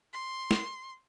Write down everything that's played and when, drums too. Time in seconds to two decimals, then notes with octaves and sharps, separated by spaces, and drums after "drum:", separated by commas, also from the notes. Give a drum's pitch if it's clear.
0.14 C6
0.51 drum: snare